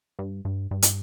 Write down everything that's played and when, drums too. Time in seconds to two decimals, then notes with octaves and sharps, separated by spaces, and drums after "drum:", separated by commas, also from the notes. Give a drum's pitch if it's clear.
0.19 G2
0.45 G2
0.71 G2
0.82 drum: hi-hat